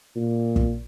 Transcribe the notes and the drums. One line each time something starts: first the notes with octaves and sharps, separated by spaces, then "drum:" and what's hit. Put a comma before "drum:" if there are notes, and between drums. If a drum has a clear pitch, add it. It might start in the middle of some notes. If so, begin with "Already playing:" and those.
A#2
drum: kick